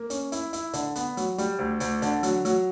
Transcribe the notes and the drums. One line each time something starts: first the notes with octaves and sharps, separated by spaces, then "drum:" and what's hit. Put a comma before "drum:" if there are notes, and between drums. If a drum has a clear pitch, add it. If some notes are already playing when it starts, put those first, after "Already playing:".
Already playing: A#3
C#4, drum: hi-hat
E4, drum: hi-hat
E4, drum: hi-hat
D3, drum: hi-hat
B3, drum: hi-hat
F#3, drum: hi-hat
G3, drum: hi-hat
D2
D2, drum: hi-hat
D3, drum: hi-hat
F#3, drum: hi-hat
F#3, drum: hi-hat